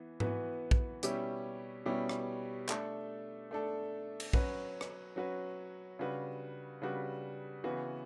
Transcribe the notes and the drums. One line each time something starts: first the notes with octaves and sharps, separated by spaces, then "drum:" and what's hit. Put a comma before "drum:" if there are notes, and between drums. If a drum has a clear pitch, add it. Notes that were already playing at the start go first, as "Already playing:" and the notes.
Already playing: E3 B3
E3 B3 F#4 B4, drum: tom G#2
drum: kick A#1
B2 G3 C#4 E4 G4, drum: hi-hat
B2 G3 C#4 E4 G4
drum: rim click
A3 D4 A4, drum: clap
A3 D4 A4
drum: cymbal
F#3 C#4 F#4 B4, drum: kick A#1
drum: rim click
F#3 C#4 F#4 B4
C#3 G3 D4 F#4 B4
C#3 G3 D4 F#4 B4
C#3 E3 B3 F#4 B4